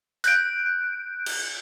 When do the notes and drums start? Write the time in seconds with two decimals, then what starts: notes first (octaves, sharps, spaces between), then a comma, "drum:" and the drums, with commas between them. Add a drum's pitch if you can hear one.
0.24 F#6 G6 D7, drum: hi-hat
1.26 drum: cymbal